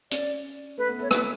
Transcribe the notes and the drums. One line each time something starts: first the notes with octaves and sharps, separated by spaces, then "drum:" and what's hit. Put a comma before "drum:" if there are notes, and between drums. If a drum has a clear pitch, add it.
C#4 D5, drum: hi-hat
A3 B4
B3
A3 C#5
B4, drum: rim click